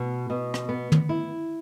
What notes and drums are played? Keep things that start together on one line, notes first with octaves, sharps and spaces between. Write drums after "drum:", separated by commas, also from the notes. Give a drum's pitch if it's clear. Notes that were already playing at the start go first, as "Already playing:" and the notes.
Already playing: B2
B2
drum: rim click
B3
drum: tom
E4